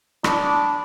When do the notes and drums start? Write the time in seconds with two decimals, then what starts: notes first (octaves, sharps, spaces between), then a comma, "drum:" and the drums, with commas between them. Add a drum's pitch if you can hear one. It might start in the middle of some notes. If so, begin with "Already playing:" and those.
0.24 D4 B5 C#6 D#6, drum: rim click